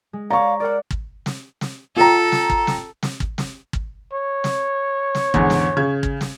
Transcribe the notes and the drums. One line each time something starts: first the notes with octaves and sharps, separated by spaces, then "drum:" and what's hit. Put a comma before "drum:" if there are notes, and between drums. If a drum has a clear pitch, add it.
G#3
C#5 D5 F5 A#5 C#6
A#4 D5 F#5
drum: kick
drum: snare
drum: snare
F4 A4 G5 A#5
drum: snare
drum: kick
drum: snare
drum: snare
drum: kick
drum: snare
drum: kick
C#5
drum: snare
drum: snare
E2 G#2 D3, drum: kick
drum: snare
C#3 G#6
drum: kick
drum: snare